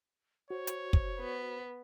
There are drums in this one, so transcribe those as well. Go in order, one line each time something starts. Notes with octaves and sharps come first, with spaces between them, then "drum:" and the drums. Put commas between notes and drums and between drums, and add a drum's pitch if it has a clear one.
F#4 C5 C#5
drum: hi-hat
drum: kick
B3